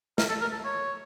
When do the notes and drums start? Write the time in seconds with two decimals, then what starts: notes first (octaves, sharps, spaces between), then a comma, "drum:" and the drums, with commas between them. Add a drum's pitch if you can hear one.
0.18 A#4, drum: snare
0.29 A4
0.41 A#4
0.52 A4
0.64 C#5